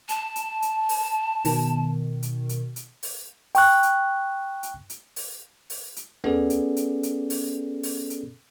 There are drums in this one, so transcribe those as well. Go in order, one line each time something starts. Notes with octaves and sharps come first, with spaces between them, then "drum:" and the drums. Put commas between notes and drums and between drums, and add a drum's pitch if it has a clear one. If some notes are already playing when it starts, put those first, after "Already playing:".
A5, drum: hi-hat
drum: hi-hat
drum: hi-hat
drum: open hi-hat
B2 D#3, drum: open hi-hat
drum: hi-hat
drum: hi-hat
drum: hi-hat
drum: open hi-hat
G5 C#6 F#6, drum: open hi-hat
drum: hi-hat
drum: hi-hat
drum: hi-hat
drum: open hi-hat
drum: open hi-hat
drum: hi-hat
B3 C#4 G#4 A4 D5, drum: tom D#2
drum: hi-hat
drum: hi-hat
drum: hi-hat
drum: open hi-hat
drum: open hi-hat
drum: hi-hat